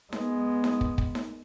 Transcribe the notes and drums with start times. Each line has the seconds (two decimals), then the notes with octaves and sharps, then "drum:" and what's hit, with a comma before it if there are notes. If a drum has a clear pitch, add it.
0.13 G#3 B3, drum: snare D#4
0.64 drum: snare D#4
0.81 drum: kick
0.98 drum: kick
1.15 drum: snare D#4